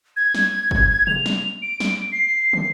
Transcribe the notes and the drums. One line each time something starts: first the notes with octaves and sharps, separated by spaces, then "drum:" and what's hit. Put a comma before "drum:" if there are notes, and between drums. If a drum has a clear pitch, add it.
G#6
drum: snare
drum: kick
F7, drum: tom C3
drum: snare
D7
drum: snare
C7
drum: tom